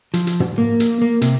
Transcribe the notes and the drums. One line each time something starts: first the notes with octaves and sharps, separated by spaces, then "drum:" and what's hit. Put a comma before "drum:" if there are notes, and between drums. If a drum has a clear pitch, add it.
F3, drum: hi-hat
drum: hi-hat
drum: tom
A#3
drum: hi-hat
A#3
C3, drum: hi-hat